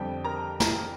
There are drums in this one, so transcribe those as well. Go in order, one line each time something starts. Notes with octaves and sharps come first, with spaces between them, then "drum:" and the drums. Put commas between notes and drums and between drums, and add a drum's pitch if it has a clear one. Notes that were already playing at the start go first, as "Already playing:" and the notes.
Already playing: F2 D3 G3 C4 G4 G5
A#4 A#5
A#4 A#5, drum: snare